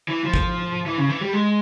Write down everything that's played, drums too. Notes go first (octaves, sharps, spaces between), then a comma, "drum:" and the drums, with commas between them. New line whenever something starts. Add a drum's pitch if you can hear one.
E3
F3
drum: kick G#1
E3
C#3
E3
G3
G#3